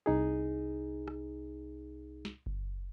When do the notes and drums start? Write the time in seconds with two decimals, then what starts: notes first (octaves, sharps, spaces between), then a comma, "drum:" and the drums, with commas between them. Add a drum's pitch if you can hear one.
0.06 C2 D#4 G#4
1.08 drum: rim click
2.25 drum: snare
2.46 drum: kick F#1